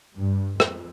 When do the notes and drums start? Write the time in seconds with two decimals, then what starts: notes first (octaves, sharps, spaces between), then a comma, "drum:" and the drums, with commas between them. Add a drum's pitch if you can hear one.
0.16 G2
0.60 F2, drum: rim click